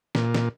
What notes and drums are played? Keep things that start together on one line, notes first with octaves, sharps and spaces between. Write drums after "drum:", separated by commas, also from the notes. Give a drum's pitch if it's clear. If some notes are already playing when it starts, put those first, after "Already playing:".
A#2, drum: snare
drum: snare